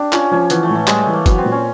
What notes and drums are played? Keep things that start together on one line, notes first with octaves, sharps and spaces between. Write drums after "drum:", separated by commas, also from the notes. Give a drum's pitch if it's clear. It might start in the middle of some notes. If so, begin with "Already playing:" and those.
Already playing: D4 G4
C#4 F4, drum: clap
F3 C#4
E3 B3, drum: hi-hat
A3
A2
A3
G3 G#3, drum: clap
A3
E3
A#3
F#3 B3, drum: kick F#1, hi-hat
C4
A#2
C#4